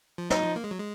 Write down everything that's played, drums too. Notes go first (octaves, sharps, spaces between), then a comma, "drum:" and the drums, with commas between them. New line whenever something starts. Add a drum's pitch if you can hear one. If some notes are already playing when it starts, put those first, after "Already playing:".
F3
F#3 D#4, drum: snare
F3
A#3
G#3
F#3
G#3